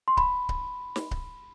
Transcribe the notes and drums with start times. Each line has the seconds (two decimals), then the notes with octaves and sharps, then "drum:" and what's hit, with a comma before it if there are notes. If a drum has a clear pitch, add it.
0.08 C6
0.17 B5, drum: kick C#1
0.49 drum: kick C#1
0.96 drum: snare
1.11 drum: kick C#1